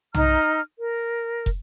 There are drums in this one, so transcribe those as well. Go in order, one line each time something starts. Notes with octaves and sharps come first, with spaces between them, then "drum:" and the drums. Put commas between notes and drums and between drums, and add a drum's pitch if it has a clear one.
D#4 A#5 F6, drum: tom B1
A#4
drum: kick